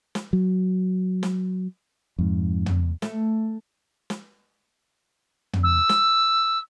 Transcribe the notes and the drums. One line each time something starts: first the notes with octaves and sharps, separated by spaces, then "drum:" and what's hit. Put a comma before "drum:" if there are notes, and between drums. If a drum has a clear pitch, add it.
drum: snare
F#3
drum: snare
F2 G#2
drum: tom
A3, drum: snare
drum: snare
drum: tom
E6
drum: snare